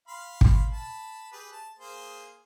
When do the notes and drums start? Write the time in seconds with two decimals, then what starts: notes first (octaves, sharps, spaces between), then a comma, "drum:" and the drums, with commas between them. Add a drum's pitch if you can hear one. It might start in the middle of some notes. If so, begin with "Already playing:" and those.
0.08 F5 B5 C6
0.41 drum: kick
0.72 A5 B5
1.32 G4 G#4 B4
1.52 A5
1.79 A#3 G#4 C5